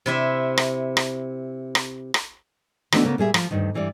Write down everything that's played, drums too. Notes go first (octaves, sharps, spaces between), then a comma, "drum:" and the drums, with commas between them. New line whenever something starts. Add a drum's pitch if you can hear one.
C3 E4 E5
drum: rim click
drum: rim click
drum: rim click
drum: rim click
D#3 E3 A3 B3 D4 F#4, drum: rim click
C#3 A#3 B3
A#2 G3 G#4 E5
F3, drum: rim click
D2 G2 D#3
G2 E3 G3 D5